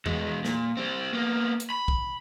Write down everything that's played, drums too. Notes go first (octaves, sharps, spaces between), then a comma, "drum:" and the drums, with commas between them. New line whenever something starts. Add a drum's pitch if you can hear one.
E2 G#3, drum: tom E2
A#2, drum: snare
G3 C4
A#3 B3
drum: hi-hat
B5
drum: kick